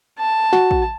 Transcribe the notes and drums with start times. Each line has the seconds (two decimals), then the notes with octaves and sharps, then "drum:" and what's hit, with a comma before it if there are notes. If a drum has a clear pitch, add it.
0.19 A5
0.53 F#4, drum: snare
0.71 drum: kick